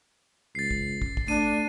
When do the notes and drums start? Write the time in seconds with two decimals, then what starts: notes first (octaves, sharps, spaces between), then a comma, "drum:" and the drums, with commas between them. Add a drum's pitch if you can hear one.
0.55 C#2 A6 C7
0.71 drum: kick
1.02 drum: kick
1.17 drum: kick
1.28 A3 D4 D#7